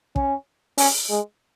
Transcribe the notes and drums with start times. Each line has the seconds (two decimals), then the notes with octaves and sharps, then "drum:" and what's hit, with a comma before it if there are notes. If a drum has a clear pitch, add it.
0.16 C#4, drum: kick
0.78 C#4, drum: open hi-hat
1.10 G#3